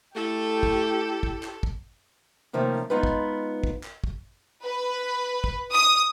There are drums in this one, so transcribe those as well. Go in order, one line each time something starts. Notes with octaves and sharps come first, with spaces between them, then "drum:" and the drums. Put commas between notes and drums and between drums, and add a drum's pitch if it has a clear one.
A3 E4 G4 A4
drum: kick
drum: kick
drum: clap
drum: kick
C3 D#3 F3 A3 A#3 C#4
G#3 B3 D#4 F4 B4
drum: kick
drum: kick
drum: clap
drum: kick
B4
drum: kick
D#6